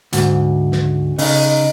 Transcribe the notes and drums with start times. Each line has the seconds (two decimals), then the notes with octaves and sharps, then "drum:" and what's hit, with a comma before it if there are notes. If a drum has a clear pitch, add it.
0.13 D2 G#2, drum: hi-hat
0.72 drum: snare
1.18 C#3 D#4, drum: open hi-hat